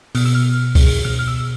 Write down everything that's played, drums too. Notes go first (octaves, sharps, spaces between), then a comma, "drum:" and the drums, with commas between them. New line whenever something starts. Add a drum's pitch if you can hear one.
B2 F6, drum: open hi-hat
E6
F6
drum: kick C2, open hi-hat
B2 F6
F6
E6